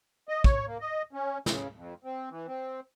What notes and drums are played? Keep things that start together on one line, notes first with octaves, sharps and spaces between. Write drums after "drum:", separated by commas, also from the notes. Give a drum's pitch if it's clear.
D#5
C#5, drum: kick
A#3
D#5
C#4
C#3, drum: snare
F2
C4
E3
C4